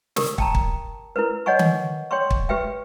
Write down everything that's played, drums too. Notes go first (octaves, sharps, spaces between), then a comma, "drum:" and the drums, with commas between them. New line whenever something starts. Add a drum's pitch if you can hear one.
G4 A#4 D#6, drum: snare
G5 A5 A#5, drum: kick
drum: kick
E4 A#4 B4
C#5 D#5 F#5 G#5 C#6
drum: tom D#3
C#5 G5 C6 C#6
drum: kick
G4 B4 E5 G5